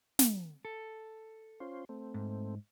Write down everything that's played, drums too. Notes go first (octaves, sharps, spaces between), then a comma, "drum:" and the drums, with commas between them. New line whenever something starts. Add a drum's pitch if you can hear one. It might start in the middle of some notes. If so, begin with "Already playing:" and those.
drum: snare
A4
C#4 F4 C5
A3 C4
G#2